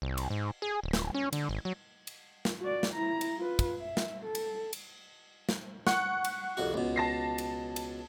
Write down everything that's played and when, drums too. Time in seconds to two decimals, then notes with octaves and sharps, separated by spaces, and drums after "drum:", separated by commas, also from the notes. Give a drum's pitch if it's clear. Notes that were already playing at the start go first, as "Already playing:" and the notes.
0.02 C2
0.18 drum: cymbal
0.30 G#2
0.62 G#4
0.83 D1
0.93 drum: snare
1.14 C#4
1.33 D3, drum: cymbal
1.49 G#1
1.65 F#3
2.07 drum: cymbal
2.45 drum: snare
2.61 F#4 D5
2.83 drum: snare
2.94 E4 A#5
3.21 drum: cymbal
3.37 F4 B4
3.59 drum: kick, cymbal
3.81 E5
3.97 drum: snare
4.24 A4
4.35 drum: cymbal
4.73 drum: cymbal
5.49 drum: snare
5.87 F#5 C#6, drum: snare
6.24 drum: cymbal
6.57 C2 F2 F#4
6.74 C#2 B2
6.96 A5 A#6 C7
7.38 drum: cymbal
7.76 drum: cymbal